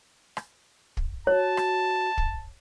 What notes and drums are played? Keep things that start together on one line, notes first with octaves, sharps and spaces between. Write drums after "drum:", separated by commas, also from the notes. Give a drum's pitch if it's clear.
drum: rim click
drum: kick
F#4 C#5 A5
drum: rim click
drum: kick